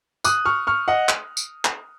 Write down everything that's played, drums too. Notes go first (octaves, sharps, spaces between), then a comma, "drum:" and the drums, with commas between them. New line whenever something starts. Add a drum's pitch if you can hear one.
D#6 F#6, drum: tambourine
C#6 F6
C#6 F6
D#5 F#5
drum: clap
drum: tambourine
drum: clap